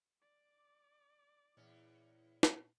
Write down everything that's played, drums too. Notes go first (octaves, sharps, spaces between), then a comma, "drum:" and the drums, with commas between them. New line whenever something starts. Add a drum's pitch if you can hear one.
D5 D6
E2 A#2 C#4 E4
drum: snare